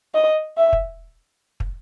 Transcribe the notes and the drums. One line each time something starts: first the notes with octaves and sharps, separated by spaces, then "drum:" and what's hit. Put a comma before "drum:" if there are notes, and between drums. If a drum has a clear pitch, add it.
D#5
E5
drum: kick
drum: kick